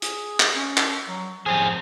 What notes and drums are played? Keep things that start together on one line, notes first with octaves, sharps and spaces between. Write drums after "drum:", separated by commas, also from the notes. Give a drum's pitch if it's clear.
G#4, drum: hi-hat
drum: clap
C#4
drum: clap
F#3
F3 C4 G#4